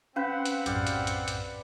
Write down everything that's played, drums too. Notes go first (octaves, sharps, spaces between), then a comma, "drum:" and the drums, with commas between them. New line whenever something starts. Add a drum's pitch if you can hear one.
C4 C#4 B4 C5 F5 F#5 B6
drum: hi-hat
B1 F#2 A2 G4 D5 F5, drum: hi-hat
drum: hi-hat
drum: hi-hat
drum: hi-hat